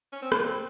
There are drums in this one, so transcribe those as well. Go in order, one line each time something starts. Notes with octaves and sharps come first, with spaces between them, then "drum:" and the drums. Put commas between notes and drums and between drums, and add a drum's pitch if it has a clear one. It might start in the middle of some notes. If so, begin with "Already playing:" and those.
C#4
C4
A#3, drum: rim click
C4